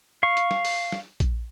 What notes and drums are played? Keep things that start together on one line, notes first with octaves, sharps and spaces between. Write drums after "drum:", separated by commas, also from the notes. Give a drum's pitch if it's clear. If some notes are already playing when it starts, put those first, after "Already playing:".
F5 C#6
drum: hi-hat
drum: snare
drum: open hi-hat
drum: snare
drum: kick A#1, hi-hat